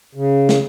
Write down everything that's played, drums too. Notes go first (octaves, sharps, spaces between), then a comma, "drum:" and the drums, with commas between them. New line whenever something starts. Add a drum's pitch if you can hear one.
C#3
drum: snare